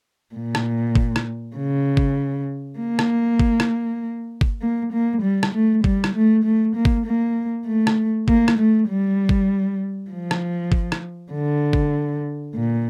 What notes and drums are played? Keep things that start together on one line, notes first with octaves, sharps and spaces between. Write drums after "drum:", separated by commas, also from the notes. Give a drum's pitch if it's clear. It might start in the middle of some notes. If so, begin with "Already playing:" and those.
A#2
drum: rim click
drum: kick G1
drum: rim click
C#3
drum: kick G1
A#3
drum: rim click
drum: kick G1
drum: rim click
drum: kick G1
A#3
A#3
G3
drum: rim click
A3
G3, drum: kick G1
drum: rim click
A3
A3
A#3
drum: kick G1
A#3
A3
drum: rim click
A#3, drum: kick G1
drum: rim click
A3
G3
drum: kick G1
F3
drum: rim click
drum: kick G1
drum: rim click
D3
drum: kick G1
A#2